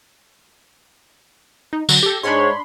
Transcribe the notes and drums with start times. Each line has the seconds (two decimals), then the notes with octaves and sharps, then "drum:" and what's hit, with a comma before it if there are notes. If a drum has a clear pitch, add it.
1.73 D#4
1.89 D3 F#3, drum: tambourine
2.03 G4 A4
2.23 G#2 G#3 D4 C#5 B5 C6